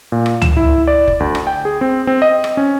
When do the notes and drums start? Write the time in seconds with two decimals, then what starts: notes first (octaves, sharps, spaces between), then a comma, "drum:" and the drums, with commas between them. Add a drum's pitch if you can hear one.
0.12 A#2
0.26 drum: rim click
0.42 E7, drum: tom C#2
0.57 E4
0.87 D5
1.08 drum: kick F1
1.20 D2
1.35 drum: rim click
1.47 G5
1.65 G#4
1.81 C4
2.07 C4
2.22 D#5
2.44 drum: rim click
2.57 C#4